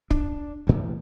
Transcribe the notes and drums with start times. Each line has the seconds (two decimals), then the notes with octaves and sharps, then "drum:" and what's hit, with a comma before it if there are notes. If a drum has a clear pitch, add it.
0.10 D4, drum: kick
0.67 D2 A2 E3